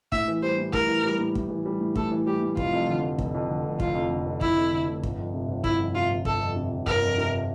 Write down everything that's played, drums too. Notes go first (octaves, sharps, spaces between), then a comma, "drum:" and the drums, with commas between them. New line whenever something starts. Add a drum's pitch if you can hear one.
A2 E5, drum: kick
E3
G3 C5
A2
A2 A#4, drum: kick
E3
G3
A2
A2, drum: kick
E3
G3
A2
A2 A4, drum: kick
E3
G3 G4
A2
F1 F4, drum: kick
F2
D3
F1
F1, drum: kick
F2
D3
F1
F1 F4, drum: kick
F2
D3
F1
F1 E4, drum: kick
F2
D3
F1
G1, drum: kick
F2
C3
G1
G1 E4, drum: kick
F2
C3 F4
G1
G1 A4, drum: kick
F2
C3
G1
G1 A#4, drum: kick
F2
C3